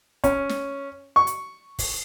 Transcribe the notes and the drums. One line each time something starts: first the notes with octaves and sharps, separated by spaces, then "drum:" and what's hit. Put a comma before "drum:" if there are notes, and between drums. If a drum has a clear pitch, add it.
C#4, drum: kick, hi-hat
drum: snare
C#6
drum: hi-hat
drum: kick, open hi-hat